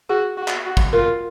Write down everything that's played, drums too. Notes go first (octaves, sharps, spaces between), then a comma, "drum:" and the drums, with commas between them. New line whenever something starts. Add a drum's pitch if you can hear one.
F#4 G#4
F#4
drum: clap
F#4
drum: kick A1
F4 A#4